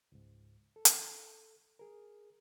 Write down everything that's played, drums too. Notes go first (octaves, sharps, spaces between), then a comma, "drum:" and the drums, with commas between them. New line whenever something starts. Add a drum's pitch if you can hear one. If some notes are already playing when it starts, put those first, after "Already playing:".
C#2 G#2
A4
drum: hi-hat
G#4 A#4